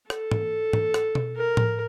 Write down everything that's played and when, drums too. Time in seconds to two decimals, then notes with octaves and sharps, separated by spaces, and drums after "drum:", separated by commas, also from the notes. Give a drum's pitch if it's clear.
0.10 A4, drum: rim click
0.31 drum: tom
0.73 drum: tom
0.94 drum: rim click
1.15 drum: tom B2
1.37 A#4
1.57 drum: tom A2